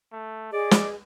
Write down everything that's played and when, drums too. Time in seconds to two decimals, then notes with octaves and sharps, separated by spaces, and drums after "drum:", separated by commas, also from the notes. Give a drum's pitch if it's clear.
0.12 A3
0.53 G#4 D5 D#5
0.71 drum: snare